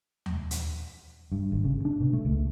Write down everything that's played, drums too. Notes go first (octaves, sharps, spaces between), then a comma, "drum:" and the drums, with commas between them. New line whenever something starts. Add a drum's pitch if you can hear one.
drum: tom D#2
drum: hi-hat
G2
G#1
C#3
D4
B2
A3
C#2